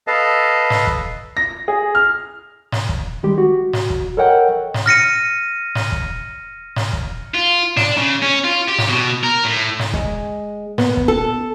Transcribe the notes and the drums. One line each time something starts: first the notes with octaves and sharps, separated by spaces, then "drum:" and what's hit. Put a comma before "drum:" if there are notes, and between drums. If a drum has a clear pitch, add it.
A4 B4 D#5 F5 A5
drum: snare
drum: kick
A#6
G#4
F6
drum: snare
drum: kick
D#3 G3 G#3 G4
F#4
drum: snare
drum: kick
A4 A#4 C#5 D#5 F#5 G5
drum: snare
F6 A#6 C#7 D#7
drum: snare
drum: kick
drum: snare
drum: kick
F4
D4, drum: snare
C#3
C#4
F4
G4
drum: snare
B2
A#4
A2
drum: snare
G#3, drum: kick
B3, drum: snare
drum: kick
A4